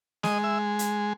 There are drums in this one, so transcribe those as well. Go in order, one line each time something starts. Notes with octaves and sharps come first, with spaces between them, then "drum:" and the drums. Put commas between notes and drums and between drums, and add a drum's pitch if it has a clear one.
G#3 D#5, drum: snare
E5
drum: hi-hat